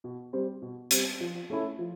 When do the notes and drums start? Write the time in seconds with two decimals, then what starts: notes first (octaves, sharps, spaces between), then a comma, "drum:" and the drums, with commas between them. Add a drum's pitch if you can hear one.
0.04 B2
0.33 G3 C4
0.62 B2
0.91 G3 C4, drum: hi-hat
1.20 F3
1.50 A3 C#4 E4 A4
1.79 F3